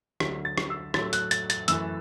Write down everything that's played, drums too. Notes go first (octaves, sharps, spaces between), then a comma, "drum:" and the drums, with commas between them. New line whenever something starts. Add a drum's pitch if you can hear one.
D2 D3 F#3 A3 B6, drum: rim click
A6
drum: rim click
E6
A2 F#3 A3 A6, drum: rim click
F#6, drum: hi-hat
A6, drum: hi-hat
A6, drum: hi-hat
F#2 E3 A3 E6, drum: hi-hat